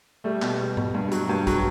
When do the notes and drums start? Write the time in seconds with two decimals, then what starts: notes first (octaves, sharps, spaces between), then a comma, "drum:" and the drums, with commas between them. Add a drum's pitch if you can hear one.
0.24 G3 A3
0.42 B2, drum: clap
0.60 G3
0.77 B2, drum: tom G#2
0.94 G2
1.12 F#3, drum: hi-hat
1.29 G2
1.47 F#3, drum: kick, hi-hat